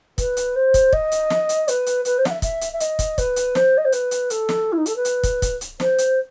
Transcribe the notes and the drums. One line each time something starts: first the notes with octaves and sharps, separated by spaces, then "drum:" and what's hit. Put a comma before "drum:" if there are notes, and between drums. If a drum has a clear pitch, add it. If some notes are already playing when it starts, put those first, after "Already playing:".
B4, drum: kick, hi-hat
drum: hi-hat
C5
drum: kick, hi-hat
D#5, drum: kick
drum: hi-hat
drum: snare
drum: hi-hat
B4, drum: hi-hat
drum: hi-hat
B4, drum: hi-hat
C5
F#5, drum: snare
E5
E5, drum: kick, hi-hat
drum: hi-hat
E5
D#5, drum: hi-hat
drum: kick, hi-hat
B4, drum: kick, hi-hat
drum: hi-hat
C5, drum: snare
D#5
C5
B4, drum: hi-hat
drum: hi-hat
A4, drum: hi-hat
drum: snare
E4
D#4
A4, drum: hi-hat
B4
drum: hi-hat
drum: kick, hi-hat
drum: kick, hi-hat
drum: hi-hat
C5, drum: snare
drum: hi-hat